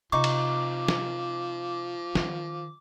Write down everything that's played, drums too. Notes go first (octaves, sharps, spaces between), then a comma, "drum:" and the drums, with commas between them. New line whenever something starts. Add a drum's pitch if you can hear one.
C3 F3 D#4 C#6 D6
drum: cymbal
drum: snare
D#3 F4, drum: snare